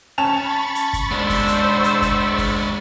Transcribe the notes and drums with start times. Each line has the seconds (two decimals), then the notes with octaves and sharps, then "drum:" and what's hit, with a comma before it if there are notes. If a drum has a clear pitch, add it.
0.18 C#4 A5 B5 C#6 A6 F7
0.75 drum: hi-hat
0.93 drum: kick, hi-hat
1.11 G#3 D4 C5 E6
1.29 drum: kick, open hi-hat
1.48 drum: hi-hat
1.84 drum: hi-hat
2.02 drum: kick, hi-hat
2.38 drum: kick, open hi-hat